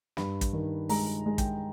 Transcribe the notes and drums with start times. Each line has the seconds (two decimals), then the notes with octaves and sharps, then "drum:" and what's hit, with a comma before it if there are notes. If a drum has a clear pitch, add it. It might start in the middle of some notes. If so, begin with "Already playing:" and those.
0.17 G2 B5, drum: snare
0.41 drum: kick, hi-hat
0.53 D#3
0.89 G#3 A#5, drum: open hi-hat
1.26 G#3
1.38 G5, drum: kick, hi-hat